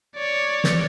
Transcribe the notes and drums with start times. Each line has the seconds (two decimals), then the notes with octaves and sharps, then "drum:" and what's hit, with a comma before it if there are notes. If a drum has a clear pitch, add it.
0.16 C#5 D5
0.64 drum: snare